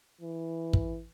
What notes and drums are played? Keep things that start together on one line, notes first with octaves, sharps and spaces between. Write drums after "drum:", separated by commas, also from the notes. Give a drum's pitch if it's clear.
E3
drum: kick